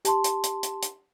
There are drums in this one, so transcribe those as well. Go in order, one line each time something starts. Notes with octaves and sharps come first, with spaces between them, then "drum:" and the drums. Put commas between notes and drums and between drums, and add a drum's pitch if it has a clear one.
G4 A5 C6, drum: hi-hat
drum: hi-hat
drum: hi-hat
drum: hi-hat
drum: hi-hat